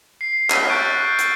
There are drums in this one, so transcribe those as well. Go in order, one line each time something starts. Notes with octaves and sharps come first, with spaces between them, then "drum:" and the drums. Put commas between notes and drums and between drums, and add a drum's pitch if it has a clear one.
C7
E6 F6 B6 D#7, drum: clap
C#6 F#6 G6 A6 C#7 D7
F#6
drum: hi-hat